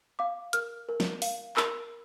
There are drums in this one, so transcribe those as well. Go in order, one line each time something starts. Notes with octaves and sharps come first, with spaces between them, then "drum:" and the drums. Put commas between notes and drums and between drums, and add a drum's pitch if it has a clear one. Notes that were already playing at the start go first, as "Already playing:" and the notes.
F5 D6
A#4 F6, drum: hi-hat
A#4
drum: snare
F5, drum: open hi-hat
A#4 E6, drum: clap